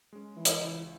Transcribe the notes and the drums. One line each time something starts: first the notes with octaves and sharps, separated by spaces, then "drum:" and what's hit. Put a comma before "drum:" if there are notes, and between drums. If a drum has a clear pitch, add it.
G#3 C#4
E3
drum: hi-hat
C#2 E3